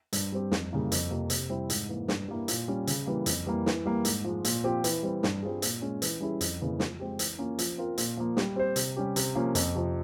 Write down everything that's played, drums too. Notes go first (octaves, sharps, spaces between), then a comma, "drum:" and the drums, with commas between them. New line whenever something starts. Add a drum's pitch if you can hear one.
G2, drum: hi-hat
G3 C4 G4
F2, drum: snare
C#3 G3 A#3 E4
F2, drum: hi-hat
C3 F3 A#3
C3, drum: hi-hat
G3 C4 E4
G#2, drum: hi-hat
E3 A#3
G2, drum: snare
G3 A#3 E4
A#2, drum: hi-hat
G3 C#4
C#3, drum: hi-hat
E3 G3 A#3
F2, drum: hi-hat
E3 G3 A#3
E3, drum: snare
G3 A#3
G#2, drum: hi-hat
F3 G#3
A#2, drum: hi-hat
F3 C4 G4 C5
E3, drum: hi-hat
G3 C4
G2, drum: snare
G3 C4 F4 G#4
A#2, drum: hi-hat
G#3 C#4
E3, drum: hi-hat
G3 C#4 E4 G#4
F2, drum: hi-hat
C#3 E3 A#3
F3, drum: snare
G#3 C4 G4
E3, drum: hi-hat
A#3 C#4 F4
F3, drum: hi-hat
C4 F4 A#4
A#2, drum: hi-hat
F3 A#3
G3, drum: snare
C4 G4 C5
C3, drum: hi-hat
G3 C#4 G4
C3, drum: hi-hat
F3 A#3 C#4
F2, drum: hi-hat
C3 F3